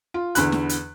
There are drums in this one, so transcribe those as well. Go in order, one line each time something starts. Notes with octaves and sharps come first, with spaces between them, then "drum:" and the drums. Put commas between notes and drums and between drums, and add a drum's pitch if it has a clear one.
F4
E2 D3 B5 F#6, drum: hi-hat
drum: snare
drum: hi-hat